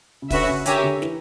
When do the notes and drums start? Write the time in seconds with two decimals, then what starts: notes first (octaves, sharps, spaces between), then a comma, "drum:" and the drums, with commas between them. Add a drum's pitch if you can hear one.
0.22 C#3
0.30 D3 C#4 F#4 B4 E5, drum: kick, open hi-hat
0.48 C#3
0.66 D3 G4 A#4 C#5 E5 G#5, drum: hi-hat
0.84 D3
1.02 E3, drum: snare